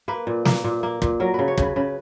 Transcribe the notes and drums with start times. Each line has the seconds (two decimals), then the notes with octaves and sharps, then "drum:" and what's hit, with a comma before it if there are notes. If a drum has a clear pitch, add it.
0.08 A#3 B4
0.27 A#2
0.45 A#3, drum: snare
0.64 A#2
0.83 A#3
1.02 A#2, drum: kick
1.20 F#3 A#4
1.34 C#3 B4
1.48 C#5
1.58 C#3 B4, drum: kick
1.76 C#3 B4